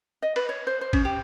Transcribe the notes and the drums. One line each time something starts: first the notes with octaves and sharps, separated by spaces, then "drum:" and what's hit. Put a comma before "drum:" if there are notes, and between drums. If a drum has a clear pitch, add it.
D#5
B4, drum: cymbal
C#5
C5
C5
C#4, drum: kick G#1, cymbal
G4